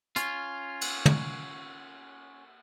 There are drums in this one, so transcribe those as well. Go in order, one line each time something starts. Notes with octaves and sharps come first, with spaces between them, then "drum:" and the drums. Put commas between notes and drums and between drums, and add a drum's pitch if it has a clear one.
C#4 F4, drum: hi-hat
drum: cymbal
drum: tom